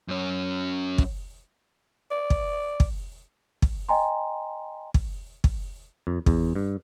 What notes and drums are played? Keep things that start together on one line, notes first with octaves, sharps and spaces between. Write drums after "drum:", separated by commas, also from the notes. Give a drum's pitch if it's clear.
F#2 C#4
drum: kick
D5
drum: kick
drum: kick
drum: kick
D#5 G5 G#5 A#5 C6
drum: kick
drum: kick
F2
E2, drum: kick
G2